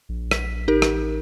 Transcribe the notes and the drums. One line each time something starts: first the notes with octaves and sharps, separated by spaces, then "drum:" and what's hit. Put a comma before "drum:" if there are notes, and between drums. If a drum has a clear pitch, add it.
A#1
B6, drum: rim click
A1 D#4 G4 A#4
drum: rim click